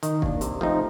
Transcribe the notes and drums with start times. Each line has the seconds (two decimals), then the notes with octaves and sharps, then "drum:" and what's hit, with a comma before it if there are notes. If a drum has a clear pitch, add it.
0.03 D#3, drum: hi-hat
0.22 A#3 D4, drum: kick
0.41 C3, drum: hi-hat
0.61 F3 A3 C4 D#4